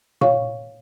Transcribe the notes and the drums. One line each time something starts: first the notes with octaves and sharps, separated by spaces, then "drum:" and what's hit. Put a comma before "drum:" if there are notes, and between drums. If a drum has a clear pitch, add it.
C#5 F5 C#6, drum: tom A#2